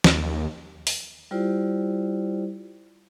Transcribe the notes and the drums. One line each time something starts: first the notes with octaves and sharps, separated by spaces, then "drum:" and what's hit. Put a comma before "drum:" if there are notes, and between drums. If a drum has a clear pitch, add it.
D#2, drum: snare
drum: open hi-hat
G3 E4 F4 G4 C5 D5